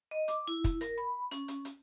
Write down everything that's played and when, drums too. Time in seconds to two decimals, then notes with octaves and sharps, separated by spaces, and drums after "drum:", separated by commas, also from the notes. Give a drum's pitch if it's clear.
0.11 D#5
0.28 D6, drum: hi-hat
0.48 E4
0.64 drum: kick, hi-hat
0.81 A#4, drum: hi-hat
0.98 B5
1.31 C#4, drum: hi-hat
1.48 drum: hi-hat
1.65 drum: hi-hat